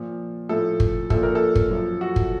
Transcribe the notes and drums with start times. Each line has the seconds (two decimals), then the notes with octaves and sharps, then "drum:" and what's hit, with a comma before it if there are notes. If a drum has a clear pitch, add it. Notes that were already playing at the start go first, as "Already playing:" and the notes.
Already playing: A#2 F3
0.49 A2 F3 A4
0.80 drum: kick
1.10 A#2 F3 A4, drum: kick
1.23 A#4
1.35 A4
1.55 drum: kick
1.71 F#2 F3
2.01 F#4
2.16 drum: kick